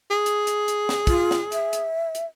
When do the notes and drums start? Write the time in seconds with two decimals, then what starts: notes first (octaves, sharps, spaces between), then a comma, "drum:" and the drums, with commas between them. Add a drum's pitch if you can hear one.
0.11 G#4
0.26 drum: hi-hat
0.47 drum: hi-hat
0.68 drum: hi-hat
0.89 drum: snare
1.07 F4, drum: kick, hi-hat
1.31 drum: snare
1.52 E5, drum: hi-hat
1.73 drum: hi-hat
2.15 drum: hi-hat